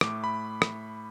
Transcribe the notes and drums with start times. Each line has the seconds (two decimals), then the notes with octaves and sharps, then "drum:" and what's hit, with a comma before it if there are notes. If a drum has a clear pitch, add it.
0.01 A2 A3 D6, drum: rim click
0.24 B5
0.62 drum: rim click